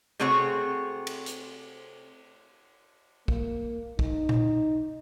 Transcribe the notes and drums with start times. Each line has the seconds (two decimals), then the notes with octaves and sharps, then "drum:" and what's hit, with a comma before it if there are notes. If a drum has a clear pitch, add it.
0.20 C3 A3 C4 F#4 G#4 C#5
1.07 drum: cymbal
1.26 drum: hi-hat
3.28 A#3, drum: kick
3.99 D#4, drum: kick
4.29 drum: tom A#2